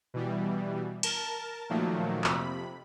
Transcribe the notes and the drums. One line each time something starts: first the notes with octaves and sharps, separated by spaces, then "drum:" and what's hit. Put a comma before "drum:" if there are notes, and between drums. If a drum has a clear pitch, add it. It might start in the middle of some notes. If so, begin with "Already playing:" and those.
B2 E3 G3
A#4 A5, drum: cymbal
A#2 D#3 F3 F#3 A3 A#3
F2 C3 B5, drum: clap